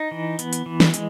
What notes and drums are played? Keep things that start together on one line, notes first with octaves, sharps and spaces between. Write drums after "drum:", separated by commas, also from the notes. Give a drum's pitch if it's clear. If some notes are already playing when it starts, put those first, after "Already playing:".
Already playing: D#4
E3
B3, drum: hi-hat
drum: hi-hat
E3
drum: snare
G#3, drum: hi-hat